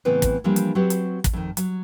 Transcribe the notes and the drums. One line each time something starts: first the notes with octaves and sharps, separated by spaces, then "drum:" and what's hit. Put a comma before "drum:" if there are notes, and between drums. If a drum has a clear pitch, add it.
A2 C#3 E3 B3 C4 B4
drum: kick, hi-hat
E3 F3 G3 A#3 D4 F4
drum: hi-hat
F#3 C4 F#4 G4 B4
drum: hi-hat
drum: kick, hi-hat
F2 D#3
F#3, drum: hi-hat